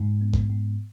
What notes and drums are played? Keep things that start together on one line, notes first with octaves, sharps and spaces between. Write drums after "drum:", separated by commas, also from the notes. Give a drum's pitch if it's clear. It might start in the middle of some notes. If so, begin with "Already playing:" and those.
Already playing: G#2
B3
drum: kick G#1
G#2